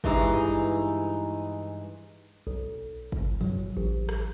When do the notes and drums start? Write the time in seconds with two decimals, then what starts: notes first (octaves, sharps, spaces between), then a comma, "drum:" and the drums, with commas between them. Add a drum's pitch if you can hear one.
0.04 G2 E3 G#3 D#4, drum: kick
2.47 B1
3.12 drum: kick
3.41 F#3, drum: tom F#2
3.77 A1
4.09 drum: rim click